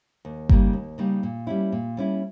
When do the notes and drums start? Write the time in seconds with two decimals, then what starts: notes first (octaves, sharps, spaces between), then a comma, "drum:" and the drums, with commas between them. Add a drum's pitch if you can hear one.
0.25 D#2
0.49 C#3 G3 A#3 D#4, drum: kick G1
0.73 D#2
0.98 C#3 G3 A#3 D#4
1.23 A#2
1.47 G3 C#4 E4
1.72 A#2
1.97 G3 C#4 E4